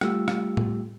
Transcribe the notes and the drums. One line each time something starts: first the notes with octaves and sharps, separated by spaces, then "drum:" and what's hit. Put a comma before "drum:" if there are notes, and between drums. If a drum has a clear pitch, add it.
G3 A3 F4 G4 E6, drum: rim click
drum: rim click
drum: tom A2